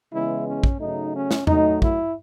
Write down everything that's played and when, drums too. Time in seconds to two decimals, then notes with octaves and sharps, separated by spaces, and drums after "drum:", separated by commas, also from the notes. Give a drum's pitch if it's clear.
0.12 C#3 E3 G#3 B3 E4
0.47 C#4
0.64 drum: kick
0.80 C#3 F#3 A3 D#4
1.14 C#4
1.31 drum: snare
1.47 A2 F#3 A3 D#4, drum: tom E2
1.82 E4, drum: kick